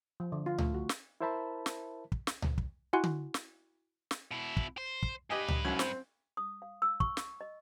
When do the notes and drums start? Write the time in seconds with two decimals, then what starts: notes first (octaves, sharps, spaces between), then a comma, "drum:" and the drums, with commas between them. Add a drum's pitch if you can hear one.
0.20 F3
0.32 D3
0.46 F4
0.58 A3, drum: tom C#2
0.74 F#4
0.89 drum: snare
1.21 E4 A#4 C5 E5 A5 B5
1.66 drum: snare
2.12 drum: kick
2.27 drum: snare
2.42 drum: tom C#2
2.58 drum: kick
2.93 E4 F#4 F#5 G#5 C6 F#6
3.04 drum: tom D3
3.34 drum: snare
4.11 drum: snare
4.31 B2 E4
4.57 drum: kick
4.78 C5
5.03 drum: kick
5.30 G2 G4 B4 D#5 G#5
5.48 drum: tom C#2
5.65 C2 F#3 C#4
5.79 C4, drum: snare
6.37 D#6
6.62 F5
6.82 E6
7.00 C#6, drum: kick
7.17 drum: snare
7.41 D#5